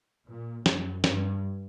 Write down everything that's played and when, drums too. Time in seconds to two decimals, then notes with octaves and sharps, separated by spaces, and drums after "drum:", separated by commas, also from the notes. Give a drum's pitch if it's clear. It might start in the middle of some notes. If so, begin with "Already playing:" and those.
0.28 A#2
0.66 F#2, drum: snare
1.04 G2, drum: snare